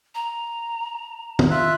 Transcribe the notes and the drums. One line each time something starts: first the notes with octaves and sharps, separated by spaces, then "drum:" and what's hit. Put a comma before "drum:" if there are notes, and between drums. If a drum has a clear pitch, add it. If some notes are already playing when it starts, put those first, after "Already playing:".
A#5
drum: tom
F4 E5 F#6